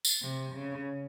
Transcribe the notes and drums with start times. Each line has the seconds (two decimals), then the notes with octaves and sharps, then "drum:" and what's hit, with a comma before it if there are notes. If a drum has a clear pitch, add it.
0.05 drum: tambourine
0.22 C3
0.55 C#3